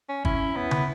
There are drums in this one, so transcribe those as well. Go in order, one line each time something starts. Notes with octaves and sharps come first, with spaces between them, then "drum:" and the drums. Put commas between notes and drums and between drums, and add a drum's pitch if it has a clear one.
C#4
C#4 E4, drum: kick G1
B3 E4
drum: tom C#3